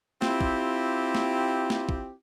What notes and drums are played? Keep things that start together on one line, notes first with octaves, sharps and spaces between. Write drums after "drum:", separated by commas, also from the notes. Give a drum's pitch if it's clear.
C4 E4 F4 G4, drum: snare
drum: kick
drum: snare
drum: snare
drum: kick